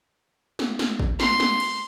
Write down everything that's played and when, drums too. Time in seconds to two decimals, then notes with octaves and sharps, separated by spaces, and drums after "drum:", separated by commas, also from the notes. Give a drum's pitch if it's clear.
0.59 drum: snare
0.79 drum: snare
0.99 drum: kick
1.20 C6, drum: snare
1.40 drum: snare
1.60 drum: cymbal